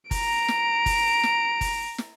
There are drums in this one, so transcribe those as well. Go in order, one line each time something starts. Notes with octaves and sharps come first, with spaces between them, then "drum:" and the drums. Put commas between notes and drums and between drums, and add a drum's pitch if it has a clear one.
A#5 D7, drum: kick, open hi-hat
drum: snare
drum: kick, open hi-hat
drum: snare
drum: kick, open hi-hat
drum: snare